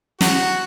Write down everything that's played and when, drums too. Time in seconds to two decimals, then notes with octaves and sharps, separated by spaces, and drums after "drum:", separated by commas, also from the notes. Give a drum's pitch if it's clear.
0.21 F#4, drum: snare